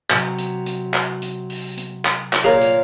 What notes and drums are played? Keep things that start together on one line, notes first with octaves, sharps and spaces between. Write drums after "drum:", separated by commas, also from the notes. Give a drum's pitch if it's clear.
C3 F#3, drum: clap
drum: hi-hat
drum: hi-hat
drum: clap
drum: hi-hat
drum: open hi-hat
drum: hi-hat
drum: clap
drum: clap
A#2 G#4 A#4 C#5 F5
drum: hi-hat